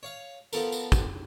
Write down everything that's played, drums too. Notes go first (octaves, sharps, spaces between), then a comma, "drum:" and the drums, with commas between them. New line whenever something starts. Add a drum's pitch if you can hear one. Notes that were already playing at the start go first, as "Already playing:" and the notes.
C#5 F5
F3 B3 A4 A#4, drum: tambourine
drum: tambourine
drum: kick, tambourine